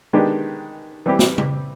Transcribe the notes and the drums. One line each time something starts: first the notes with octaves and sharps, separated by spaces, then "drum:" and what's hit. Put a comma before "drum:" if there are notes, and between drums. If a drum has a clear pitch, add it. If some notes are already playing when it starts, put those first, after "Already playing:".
D#3 G#3 B3 D4 G4
E3 G3 C4 E4 G4
drum: snare
drum: tom